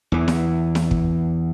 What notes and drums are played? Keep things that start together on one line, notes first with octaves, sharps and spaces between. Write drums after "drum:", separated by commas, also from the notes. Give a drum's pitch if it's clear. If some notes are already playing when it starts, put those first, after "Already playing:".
E2 E3
drum: snare E4
drum: snare E4
drum: kick